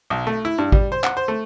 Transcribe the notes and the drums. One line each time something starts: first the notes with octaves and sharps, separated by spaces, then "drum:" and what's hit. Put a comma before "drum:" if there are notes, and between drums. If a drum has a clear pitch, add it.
B1
A3
E4
G2
G3, drum: kick G#1
C5
F#5, drum: clap
C5
A3